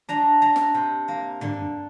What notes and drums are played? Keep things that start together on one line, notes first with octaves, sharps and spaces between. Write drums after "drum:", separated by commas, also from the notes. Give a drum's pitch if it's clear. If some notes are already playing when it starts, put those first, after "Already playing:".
D4 A#5
D4 A#5
drum: snare
C3
A#3
D3, drum: tom